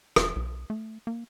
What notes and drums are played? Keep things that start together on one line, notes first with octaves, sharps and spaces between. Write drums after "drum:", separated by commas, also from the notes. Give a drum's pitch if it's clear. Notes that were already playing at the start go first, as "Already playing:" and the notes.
E1, drum: rim click
B1
A3
A#3